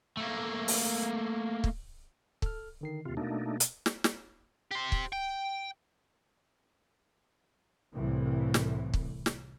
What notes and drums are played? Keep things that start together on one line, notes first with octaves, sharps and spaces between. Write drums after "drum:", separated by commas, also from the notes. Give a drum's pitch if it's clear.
A3 A#3
drum: open hi-hat
drum: kick
A4 F6, drum: kick
D3 D#3 C7
D#2 C3 F4
B2 A3 A#3 D4 D#4
drum: hi-hat
drum: snare
drum: snare
G4 C5
drum: kick
G5
C2 A2 C3 E3
drum: snare
drum: kick
drum: snare